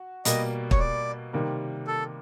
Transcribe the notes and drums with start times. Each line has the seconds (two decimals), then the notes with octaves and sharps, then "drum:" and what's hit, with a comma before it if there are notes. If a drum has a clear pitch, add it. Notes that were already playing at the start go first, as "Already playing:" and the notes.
Already playing: F#4
0.25 B2 G3 A#3 D#5, drum: hi-hat
0.71 C#5, drum: kick
0.79 D5
1.33 C3 D#3 G3 A#3
1.87 A4